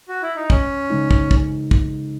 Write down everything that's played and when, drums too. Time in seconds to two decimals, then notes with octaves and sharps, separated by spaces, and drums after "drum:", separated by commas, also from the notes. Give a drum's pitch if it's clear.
0.08 F#4
0.22 E4
0.36 D#4
0.50 C#2 C#4, drum: kick
0.90 C#3 G#3 D#4
1.11 drum: kick
1.31 drum: kick
1.71 drum: kick